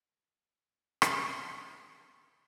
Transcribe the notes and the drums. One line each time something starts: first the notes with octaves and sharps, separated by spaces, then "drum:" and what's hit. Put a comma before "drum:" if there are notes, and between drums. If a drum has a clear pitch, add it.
F2 C#4 F#4 D#6
drum: rim click
F5 D6